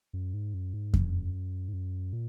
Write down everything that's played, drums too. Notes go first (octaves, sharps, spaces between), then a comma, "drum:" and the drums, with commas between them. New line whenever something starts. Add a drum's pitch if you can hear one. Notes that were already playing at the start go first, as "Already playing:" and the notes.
F#2
G#2
F#2
G#2
F#2, drum: kick F2
G#2
F#2
A#2